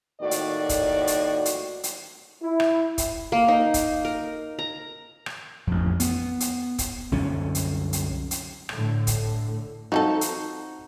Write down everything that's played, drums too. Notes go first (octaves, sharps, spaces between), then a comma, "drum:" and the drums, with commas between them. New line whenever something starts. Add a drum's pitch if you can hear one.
D#2 A2 D#3 F#4 D5
drum: hi-hat
drum: kick, hi-hat
drum: hi-hat
drum: hi-hat
drum: hi-hat
E4
drum: rim click
drum: kick, hi-hat
A#3
D#4
drum: kick, hi-hat
A#4
A#5
drum: rim click
A1 F2
B3, drum: hi-hat
drum: hi-hat
drum: kick, hi-hat
C2 F#2 D3 C#4
drum: hi-hat
drum: hi-hat
drum: hi-hat
A2 D3, drum: rim click
drum: kick, hi-hat
F3 C4 D#4 F#4 A4
drum: hi-hat